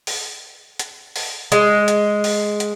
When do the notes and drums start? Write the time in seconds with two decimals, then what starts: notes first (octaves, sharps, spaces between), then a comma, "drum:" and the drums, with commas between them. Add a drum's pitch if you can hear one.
0.07 drum: open hi-hat
0.79 drum: hi-hat
1.16 drum: open hi-hat
1.52 G#3, drum: hi-hat
1.88 drum: hi-hat
2.24 drum: open hi-hat
2.60 drum: hi-hat